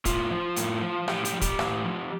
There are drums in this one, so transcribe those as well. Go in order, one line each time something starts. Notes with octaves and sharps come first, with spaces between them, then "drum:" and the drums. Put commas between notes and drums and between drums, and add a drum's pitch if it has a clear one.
A2 F4, drum: kick, hi-hat
F3
A2, drum: hi-hat
F3
A2 G4, drum: rim click
G4, drum: hi-hat
F3
G4, drum: kick, hi-hat
A2, drum: rim click
F3